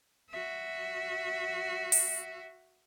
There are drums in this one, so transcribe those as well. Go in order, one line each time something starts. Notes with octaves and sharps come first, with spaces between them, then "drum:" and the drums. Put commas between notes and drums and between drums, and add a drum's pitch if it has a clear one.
F#4 E5
drum: open hi-hat